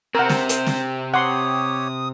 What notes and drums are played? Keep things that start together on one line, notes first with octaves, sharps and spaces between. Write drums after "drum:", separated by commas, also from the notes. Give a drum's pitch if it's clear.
C3 C4 A#4 C5 F#5
drum: snare
drum: hi-hat
drum: snare
G4 C#5 F#5 C6 D#6